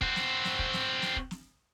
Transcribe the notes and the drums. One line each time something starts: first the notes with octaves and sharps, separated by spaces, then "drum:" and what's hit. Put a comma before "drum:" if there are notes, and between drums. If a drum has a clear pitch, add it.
C4 F#4, drum: kick
drum: snare
drum: snare
drum: kick
drum: snare
drum: snare
drum: kick
drum: snare